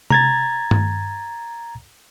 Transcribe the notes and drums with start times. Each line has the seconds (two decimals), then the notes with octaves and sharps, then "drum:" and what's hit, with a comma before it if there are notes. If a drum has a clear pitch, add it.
0.10 A#5 G#6 A6, drum: tom C3
0.71 drum: tom G2